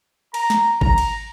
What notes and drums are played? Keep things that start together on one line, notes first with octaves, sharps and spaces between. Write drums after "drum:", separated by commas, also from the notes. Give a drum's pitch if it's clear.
A#5, drum: cymbal
drum: snare
A#5, drum: kick G#1
drum: cymbal